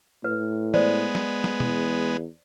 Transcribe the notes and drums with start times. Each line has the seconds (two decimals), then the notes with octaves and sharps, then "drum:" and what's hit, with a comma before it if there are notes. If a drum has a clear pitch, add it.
0.24 A2 B4
0.74 G#3 B3 C5 D5, drum: tom
1.15 drum: snare
1.44 drum: snare
1.60 E2, drum: tom